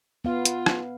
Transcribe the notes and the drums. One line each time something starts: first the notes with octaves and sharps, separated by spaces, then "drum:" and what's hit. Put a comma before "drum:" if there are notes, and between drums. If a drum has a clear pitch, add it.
B3 F4 F5
drum: hi-hat
drum: rim click